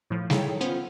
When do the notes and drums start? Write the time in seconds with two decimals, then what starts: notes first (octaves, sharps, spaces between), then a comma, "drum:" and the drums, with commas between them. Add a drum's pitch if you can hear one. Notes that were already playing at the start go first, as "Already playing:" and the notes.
0.10 A2 F3
0.30 D#4 E4 G#4 A4 C#5 G5, drum: snare G3
0.61 B3 C#4 F4 C5